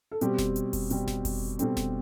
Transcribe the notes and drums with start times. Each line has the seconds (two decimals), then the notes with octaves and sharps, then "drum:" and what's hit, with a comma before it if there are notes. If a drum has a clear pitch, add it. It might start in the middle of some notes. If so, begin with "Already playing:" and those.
0.12 A4
0.21 B2 G3 C4 G4, drum: hi-hat
0.38 drum: snare F1
0.56 drum: hi-hat
0.73 drum: kick F1, open hi-hat
0.90 B2 G3 C4, drum: hi-hat
1.08 drum: snare F1
1.25 drum: kick F1, open hi-hat
1.59 B2 G3 C4 A4, drum: hi-hat
1.77 drum: snare F1